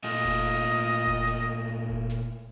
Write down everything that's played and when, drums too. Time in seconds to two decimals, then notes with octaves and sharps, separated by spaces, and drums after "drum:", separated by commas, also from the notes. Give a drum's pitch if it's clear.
0.04 A#2 A3 F4 D#5
0.25 drum: kick F1, hi-hat
0.45 drum: snare
0.66 drum: hi-hat
0.86 drum: hi-hat
1.07 drum: kick F1, hi-hat
1.27 drum: snare
1.48 drum: hi-hat
1.69 drum: hi-hat
1.89 drum: kick F1, hi-hat
2.10 drum: snare
2.30 drum: hi-hat